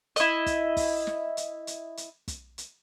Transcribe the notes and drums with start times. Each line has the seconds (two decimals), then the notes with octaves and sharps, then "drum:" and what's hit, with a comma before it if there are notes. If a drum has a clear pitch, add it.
0.16 E4 D#5, drum: hi-hat
0.46 drum: kick, hi-hat
0.77 drum: kick, open hi-hat
1.07 drum: snare
1.37 drum: hi-hat
1.67 drum: hi-hat
1.97 drum: hi-hat
2.28 drum: kick, hi-hat
2.58 drum: hi-hat